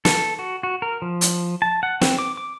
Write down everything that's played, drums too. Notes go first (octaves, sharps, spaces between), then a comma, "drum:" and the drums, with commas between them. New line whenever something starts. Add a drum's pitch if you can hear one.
A4, drum: snare
F#4
F#4
A#4
F3
drum: hi-hat
A5
F#5
C4, drum: snare
D6
D6